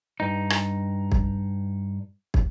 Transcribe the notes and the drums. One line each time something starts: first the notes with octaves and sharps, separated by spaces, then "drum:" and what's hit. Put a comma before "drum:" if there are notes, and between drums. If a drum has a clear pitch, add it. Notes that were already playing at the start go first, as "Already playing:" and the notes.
G2 D#4
drum: rim click
drum: kick
drum: kick